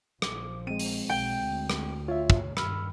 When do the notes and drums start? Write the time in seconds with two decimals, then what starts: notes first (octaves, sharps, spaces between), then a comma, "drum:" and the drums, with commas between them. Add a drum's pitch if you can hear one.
0.22 A#1 F3 D6, drum: rim click
0.67 G#3 C4 D#7
0.79 drum: open hi-hat
1.09 B1 G5
1.45 D2
1.70 drum: rim click
2.08 F4 C#5 E5
2.30 drum: kick
2.57 G2 D#3 B5 E6 F6, drum: rim click